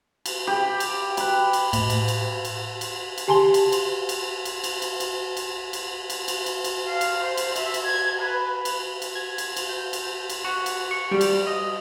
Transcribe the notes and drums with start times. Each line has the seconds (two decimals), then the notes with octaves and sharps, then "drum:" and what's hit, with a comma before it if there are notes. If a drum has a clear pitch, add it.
0.26 drum: cymbal
0.47 G4 B5
0.80 drum: cymbal
1.17 G5 B5 F#6, drum: cymbal
1.53 drum: cymbal
1.73 A2, drum: cymbal
1.90 drum: cymbal
2.08 drum: cymbal
2.45 drum: cymbal
2.81 drum: cymbal
3.18 drum: cymbal
3.28 G4 G#5 A5 C6 G7
3.54 drum: cymbal
3.72 drum: cymbal
4.09 drum: cymbal
4.45 drum: cymbal
4.64 drum: cymbal
4.82 drum: cymbal
5.00 drum: cymbal
5.37 drum: cymbal
5.73 drum: cymbal
6.10 drum: cymbal
6.28 drum: cymbal
6.46 drum: cymbal
6.64 drum: cymbal
6.87 F5
7.01 drum: cymbal
7.23 C5
7.37 drum: cymbal
7.56 E5, drum: cymbal
7.74 drum: cymbal
7.86 G#6
8.20 B4
8.65 drum: cymbal
9.02 drum: cymbal
9.15 G#6
9.38 drum: cymbal
9.56 drum: cymbal
9.69 G6
9.93 drum: cymbal
10.30 drum: cymbal
10.45 F#4
10.66 drum: cymbal
10.91 C#6
11.11 G3
11.21 drum: cymbal
11.47 D#5